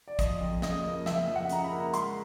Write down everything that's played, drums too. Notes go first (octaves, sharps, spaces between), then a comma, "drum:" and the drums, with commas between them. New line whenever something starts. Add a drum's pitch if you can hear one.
D5
F3 D#5, drum: kick, hi-hat
F2
C#3 D#5, drum: snare
A#3
F3 E5, drum: snare
F2
F#5
C#3 A#5, drum: hi-hat
B5
A#3
G#3 C6, drum: hi-hat